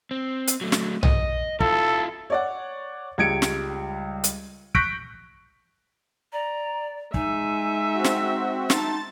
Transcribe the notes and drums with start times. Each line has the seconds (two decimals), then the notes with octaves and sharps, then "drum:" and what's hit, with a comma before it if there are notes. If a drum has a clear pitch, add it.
0.11 C4
0.48 drum: hi-hat
0.61 F#3 A3
0.72 drum: snare
1.03 D#5, drum: tom B1
1.60 E4 F4 A4, drum: kick
2.30 C#5 D5 F#5
3.18 C#2 G3 G#6 C#7 D7
3.42 drum: snare
4.24 drum: hi-hat
4.75 C#6 F#6 G6 A#6 B6 D7, drum: kick
6.33 D5 A#5
7.14 G#3 D#4 E5 G#5, drum: kick
7.94 C4 F#4
8.04 drum: snare
8.70 D#4 A5 C6 A6, drum: snare